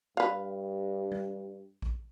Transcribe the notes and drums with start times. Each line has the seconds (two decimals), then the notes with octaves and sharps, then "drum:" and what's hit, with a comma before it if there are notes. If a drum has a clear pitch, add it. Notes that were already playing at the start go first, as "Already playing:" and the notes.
0.17 G2 B4 F5
1.12 drum: tom G3
1.82 drum: kick A#1